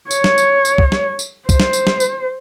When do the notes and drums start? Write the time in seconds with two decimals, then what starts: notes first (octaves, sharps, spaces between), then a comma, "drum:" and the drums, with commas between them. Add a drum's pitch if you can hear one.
0.11 C#5, drum: tambourine
0.24 drum: snare
0.38 drum: tambourine
0.65 drum: tambourine
0.78 drum: kick
0.92 drum: snare
1.19 drum: tambourine
1.49 C5, drum: kick, tambourine
1.60 drum: snare
1.73 drum: tambourine
1.87 drum: snare
2.00 drum: tambourine